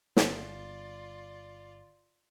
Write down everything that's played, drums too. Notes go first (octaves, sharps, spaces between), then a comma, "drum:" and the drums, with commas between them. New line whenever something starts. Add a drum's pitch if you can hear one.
G1 F4 D5, drum: snare